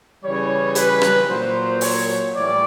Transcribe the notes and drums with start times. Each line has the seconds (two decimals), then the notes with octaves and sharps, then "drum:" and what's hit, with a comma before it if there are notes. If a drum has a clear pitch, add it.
0.23 C#3 E3 G3 C#5
0.75 B4, drum: hi-hat
1.02 drum: rim click
1.28 A#2 F#3 C5
1.81 C#5, drum: open hi-hat
2.34 A2 E3 G3 D5